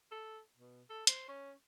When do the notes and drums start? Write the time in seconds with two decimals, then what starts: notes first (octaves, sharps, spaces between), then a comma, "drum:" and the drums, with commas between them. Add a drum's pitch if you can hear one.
0.11 A4
0.57 B2
0.90 A4
1.07 C5, drum: hi-hat
1.28 C#4